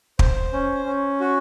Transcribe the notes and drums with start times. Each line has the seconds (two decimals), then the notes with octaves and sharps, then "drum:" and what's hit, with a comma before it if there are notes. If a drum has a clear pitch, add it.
0.19 C5, drum: kick
0.53 C#4
0.85 C#4
1.20 F#4